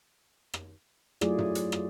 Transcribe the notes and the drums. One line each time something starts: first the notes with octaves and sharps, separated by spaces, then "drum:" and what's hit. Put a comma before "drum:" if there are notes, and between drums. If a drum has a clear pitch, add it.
drum: rim click
F#3 A3 E4 F4 G#4 D5, drum: rim click
drum: tom
drum: hi-hat
drum: rim click